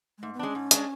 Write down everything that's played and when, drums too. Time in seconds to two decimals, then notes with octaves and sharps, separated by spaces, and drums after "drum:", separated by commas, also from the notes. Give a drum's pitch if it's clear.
0.18 G#3
0.22 G#2 A3
0.34 B3
0.39 G#3 C#4 D4
0.55 G#2
0.71 G#3 D4, drum: hi-hat